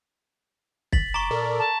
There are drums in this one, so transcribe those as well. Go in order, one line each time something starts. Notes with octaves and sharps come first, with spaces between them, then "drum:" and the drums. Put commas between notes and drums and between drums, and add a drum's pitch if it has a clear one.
F#1 A6 B6 F#7, drum: kick
F#1 A#5 C#6 D6
A#2 A4 A#4 D5
A5